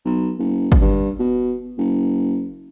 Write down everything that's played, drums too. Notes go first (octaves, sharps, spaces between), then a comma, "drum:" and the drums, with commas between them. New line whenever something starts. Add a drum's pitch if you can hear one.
B1
F#1
drum: kick
G2
B2
F#1